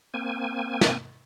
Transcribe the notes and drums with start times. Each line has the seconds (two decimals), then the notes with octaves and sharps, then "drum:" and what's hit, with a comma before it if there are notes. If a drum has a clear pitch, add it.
0.14 A#3 C4 G#5
0.81 drum: snare